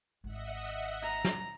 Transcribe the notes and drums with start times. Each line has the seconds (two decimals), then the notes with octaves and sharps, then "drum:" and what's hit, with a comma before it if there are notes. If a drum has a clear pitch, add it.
0.24 G#1 D#3 D#5 E5 F#5
1.04 A#5
1.24 drum: snare